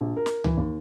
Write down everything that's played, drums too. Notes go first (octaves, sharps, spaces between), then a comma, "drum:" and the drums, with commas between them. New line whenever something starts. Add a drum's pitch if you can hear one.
A#1
A#4
drum: snare
E3, drum: tom C#2
D#2